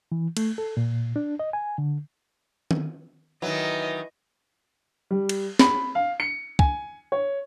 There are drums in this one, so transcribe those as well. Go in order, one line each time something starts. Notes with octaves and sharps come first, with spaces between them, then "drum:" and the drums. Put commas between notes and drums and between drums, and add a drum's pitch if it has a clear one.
E3
A3, drum: cymbal
A4
A#2
D4
D#5
G#5
D3
drum: tom D#3
D#3 E3 F#3 D#5
G3
drum: cymbal
B5, drum: snare
F5
C#7
G#5, drum: kick
C#5